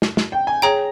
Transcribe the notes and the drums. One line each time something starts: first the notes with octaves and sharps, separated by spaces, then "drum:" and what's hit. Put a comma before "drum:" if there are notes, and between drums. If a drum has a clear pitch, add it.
drum: snare
drum: snare
G5
G#5
G#4 C#5 G5 A#5